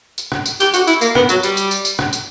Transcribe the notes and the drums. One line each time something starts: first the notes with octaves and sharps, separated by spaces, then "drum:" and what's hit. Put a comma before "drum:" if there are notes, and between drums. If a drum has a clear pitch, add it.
drum: tambourine
drum: rim click
drum: tambourine
G4, drum: tambourine
F#4, drum: tambourine
E4, drum: tambourine
A#3, drum: tambourine
B3, drum: rim click
F#3, drum: tambourine
G3, drum: tambourine
drum: tambourine
drum: tambourine
drum: tambourine
drum: rim click
drum: tambourine